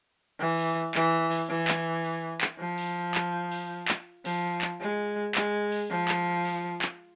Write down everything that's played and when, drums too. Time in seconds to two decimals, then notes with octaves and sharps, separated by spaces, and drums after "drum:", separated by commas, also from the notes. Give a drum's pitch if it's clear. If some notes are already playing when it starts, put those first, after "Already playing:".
0.39 E3
0.58 drum: cymbal
0.95 E3, drum: clap
1.31 drum: cymbal
1.49 E3
1.68 drum: clap
2.04 drum: cymbal
2.41 drum: clap
2.59 F3
2.78 drum: cymbal
3.15 drum: clap
3.51 drum: cymbal
3.88 drum: clap
4.25 F3, drum: cymbal
4.62 drum: clap
4.80 G#3
5.35 G#3, drum: clap
5.72 drum: cymbal
5.90 F3
6.08 drum: clap
6.45 drum: cymbal
6.82 drum: clap